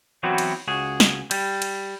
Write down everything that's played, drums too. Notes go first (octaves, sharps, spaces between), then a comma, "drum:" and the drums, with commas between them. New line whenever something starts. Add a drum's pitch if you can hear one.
E3 F#3 B3 C4 F#4
drum: cymbal
C#2 F#4 G#4
drum: snare
G3, drum: cymbal
drum: cymbal